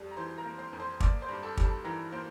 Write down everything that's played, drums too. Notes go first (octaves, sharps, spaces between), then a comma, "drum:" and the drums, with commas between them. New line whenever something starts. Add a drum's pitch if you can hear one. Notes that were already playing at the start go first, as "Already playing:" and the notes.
Already playing: F2 G3
A#5
E3 C5 C6
A#4 A#5
A#3
C5 C6
F2
C5 C6
A#3 D5 D6, drum: kick
C5 C6
G2
A4 A5
G3, drum: kick
A4 A5
E3 A#4 A#5
A#3 C5 C6